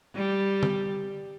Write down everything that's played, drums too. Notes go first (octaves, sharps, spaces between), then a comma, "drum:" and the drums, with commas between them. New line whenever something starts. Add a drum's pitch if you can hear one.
G3
drum: tom